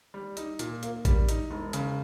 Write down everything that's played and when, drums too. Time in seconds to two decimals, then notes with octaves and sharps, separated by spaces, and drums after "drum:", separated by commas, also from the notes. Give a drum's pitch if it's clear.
0.14 G3
0.37 D#4, drum: hi-hat
0.59 A#2, drum: hi-hat
0.83 A#3, drum: hi-hat
1.05 G3, drum: kick A1, hi-hat
1.29 D#4, drum: hi-hat
1.50 E1
1.73 C#3, drum: hi-hat